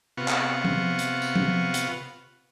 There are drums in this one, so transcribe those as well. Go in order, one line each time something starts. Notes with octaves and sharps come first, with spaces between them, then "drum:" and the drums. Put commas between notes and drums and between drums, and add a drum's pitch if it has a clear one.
C3 B3 F4 F#5 C#6
drum: clap
drum: tom
drum: hi-hat
drum: tambourine
drum: tom
drum: hi-hat